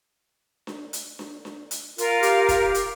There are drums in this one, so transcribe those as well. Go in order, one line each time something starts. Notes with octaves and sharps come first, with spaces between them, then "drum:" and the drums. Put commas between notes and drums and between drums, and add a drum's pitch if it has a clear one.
drum: snare D4
drum: hi-hat
drum: snare D4
drum: snare D4
drum: hi-hat
F4 A#4 F5, drum: hi-hat
G4, drum: hi-hat
drum: kick, hi-hat
drum: hi-hat